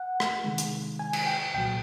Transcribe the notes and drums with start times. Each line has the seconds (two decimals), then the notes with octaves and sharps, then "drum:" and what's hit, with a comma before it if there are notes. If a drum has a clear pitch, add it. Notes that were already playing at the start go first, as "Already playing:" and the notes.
Already playing: F#5
0.20 drum: rim click
0.44 C3 D#3 G#3
0.58 drum: hi-hat
0.99 G#5
1.13 G#5, drum: cymbal
1.26 G5
1.54 C2 A#2 F#3 G5